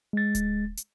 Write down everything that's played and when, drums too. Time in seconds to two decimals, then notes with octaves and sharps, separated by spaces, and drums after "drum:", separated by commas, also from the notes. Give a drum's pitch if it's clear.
0.13 G#3 A6
0.35 drum: kick D1, hi-hat
0.77 drum: hi-hat